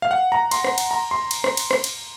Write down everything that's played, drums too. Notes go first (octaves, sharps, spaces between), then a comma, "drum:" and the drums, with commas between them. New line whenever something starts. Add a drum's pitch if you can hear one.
F5
F#5
A#5
C6, drum: cymbal
drum: rim click
drum: cymbal
A#5
C6
drum: cymbal
drum: rim click
drum: cymbal
drum: rim click
drum: cymbal